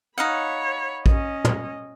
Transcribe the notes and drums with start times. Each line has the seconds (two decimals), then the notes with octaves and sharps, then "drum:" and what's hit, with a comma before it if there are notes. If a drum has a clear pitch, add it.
0.18 D#4 C#5 F5 F#5 B5
1.06 C#4 D#5, drum: kick
1.45 drum: tom